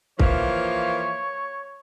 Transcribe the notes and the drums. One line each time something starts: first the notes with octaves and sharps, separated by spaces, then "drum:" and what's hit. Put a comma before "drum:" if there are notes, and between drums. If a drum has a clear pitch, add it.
E3 F3 A#3 C#5, drum: kick